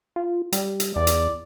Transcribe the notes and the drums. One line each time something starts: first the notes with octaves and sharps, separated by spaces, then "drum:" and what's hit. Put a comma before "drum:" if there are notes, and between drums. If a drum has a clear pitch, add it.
F4
G3, drum: hi-hat
drum: hi-hat
E2 D5
drum: hi-hat